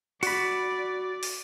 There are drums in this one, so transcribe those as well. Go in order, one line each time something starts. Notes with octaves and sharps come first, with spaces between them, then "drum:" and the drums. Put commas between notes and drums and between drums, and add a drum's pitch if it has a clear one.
F#4 D5 B5, drum: open hi-hat
drum: open hi-hat